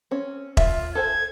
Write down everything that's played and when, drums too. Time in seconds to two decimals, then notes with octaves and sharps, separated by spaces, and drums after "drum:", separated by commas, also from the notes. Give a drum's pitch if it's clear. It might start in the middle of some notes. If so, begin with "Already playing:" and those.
0.11 C4 C#4
0.57 F4 E5, drum: kick E1
0.95 A4 C5 G#5 G#6